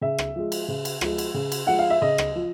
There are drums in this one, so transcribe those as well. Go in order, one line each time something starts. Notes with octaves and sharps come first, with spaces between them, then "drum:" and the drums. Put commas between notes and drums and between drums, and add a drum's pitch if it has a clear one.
C#3 E5
drum: rim click
F3 G#3
drum: cymbal
C#3
drum: cymbal
F3 G#3, drum: rim click
drum: cymbal
C#3
drum: cymbal
F3 G#3 F#5
F5
E5
C#3 D#5
drum: rim click
F3